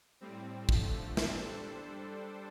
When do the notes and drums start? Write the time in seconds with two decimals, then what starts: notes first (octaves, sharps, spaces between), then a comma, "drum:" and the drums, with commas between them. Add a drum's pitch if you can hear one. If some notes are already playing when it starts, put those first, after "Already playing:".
0.21 A2 G3 C4
0.69 D3 F3 A3, drum: kick
1.17 G3 D4 A4 C5, drum: snare